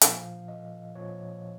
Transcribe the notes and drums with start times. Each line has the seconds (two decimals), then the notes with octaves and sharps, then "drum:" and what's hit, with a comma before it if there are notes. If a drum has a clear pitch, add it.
0.01 A#2 F3 F5, drum: hi-hat
0.48 D#5
0.95 A#2 F3 C#5